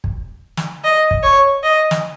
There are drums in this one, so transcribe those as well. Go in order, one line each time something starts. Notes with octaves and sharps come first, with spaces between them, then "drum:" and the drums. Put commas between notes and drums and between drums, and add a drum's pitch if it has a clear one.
drum: kick
drum: snare
D#5
drum: kick
C#5
D#5
drum: snare